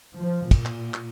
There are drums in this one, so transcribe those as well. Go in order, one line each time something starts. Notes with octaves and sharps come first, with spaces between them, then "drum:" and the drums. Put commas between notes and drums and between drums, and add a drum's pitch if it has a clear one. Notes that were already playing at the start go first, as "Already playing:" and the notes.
F3
A#2, drum: kick, cymbal
drum: clap
drum: clap